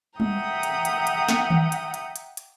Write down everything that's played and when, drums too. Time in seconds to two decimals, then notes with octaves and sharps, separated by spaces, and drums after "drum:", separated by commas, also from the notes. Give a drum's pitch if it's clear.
0.20 E5 F#5 G5 A#5 D#6, drum: tom G3
0.63 drum: hi-hat
0.85 drum: hi-hat
1.07 drum: hi-hat
1.29 drum: snare
1.50 drum: tom D#3
1.72 drum: hi-hat
1.94 drum: hi-hat
2.16 drum: hi-hat
2.37 drum: hi-hat